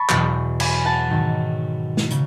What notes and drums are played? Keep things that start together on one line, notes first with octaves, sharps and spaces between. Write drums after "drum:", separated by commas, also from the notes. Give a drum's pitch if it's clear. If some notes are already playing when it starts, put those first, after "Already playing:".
Already playing: A5 B5 C#6
E2 B2 F#3, drum: clap
G#5 B5, drum: cymbal
F#5 A5
G#2 D#3 F#3
drum: snare
C#3 F#3, drum: hi-hat